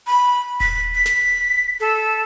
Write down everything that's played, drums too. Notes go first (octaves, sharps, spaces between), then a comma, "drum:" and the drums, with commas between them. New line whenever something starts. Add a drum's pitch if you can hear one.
B5
B6, drum: kick D#1
B6
drum: snare
A4